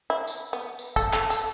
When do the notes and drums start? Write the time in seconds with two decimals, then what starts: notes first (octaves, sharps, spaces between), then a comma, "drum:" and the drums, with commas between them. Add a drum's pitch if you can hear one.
0.10 E4
0.27 drum: tambourine
0.53 B3
0.79 drum: tambourine
0.96 A4, drum: kick, tambourine
1.13 A4, drum: clap
1.30 A4, drum: tambourine